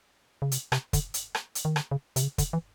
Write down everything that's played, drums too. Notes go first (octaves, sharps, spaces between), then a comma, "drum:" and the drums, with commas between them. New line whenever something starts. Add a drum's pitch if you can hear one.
C#3
C3, drum: hi-hat
C3, drum: rim click
D3, drum: kick, hi-hat
drum: hi-hat
drum: rim click
drum: hi-hat
D#3
D3, drum: rim click
C#3
C3, drum: hi-hat
C#3
D3, drum: kick, hi-hat
E3